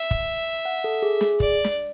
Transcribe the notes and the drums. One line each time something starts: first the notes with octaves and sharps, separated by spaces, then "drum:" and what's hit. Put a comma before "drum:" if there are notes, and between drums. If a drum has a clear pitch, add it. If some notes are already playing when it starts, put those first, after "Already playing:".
Already playing: E5
drum: kick
F#5
A4
G#4
G#4, drum: snare
D5, drum: kick
drum: snare